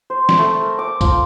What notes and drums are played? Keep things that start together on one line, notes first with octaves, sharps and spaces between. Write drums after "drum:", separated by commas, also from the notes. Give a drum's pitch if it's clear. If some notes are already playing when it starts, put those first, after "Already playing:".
C5
drum: snare
A3
A#4
D6
F3, drum: kick C2, tambourine